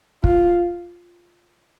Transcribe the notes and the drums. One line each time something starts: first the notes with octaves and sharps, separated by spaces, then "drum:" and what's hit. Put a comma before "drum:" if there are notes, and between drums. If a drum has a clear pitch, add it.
F4, drum: kick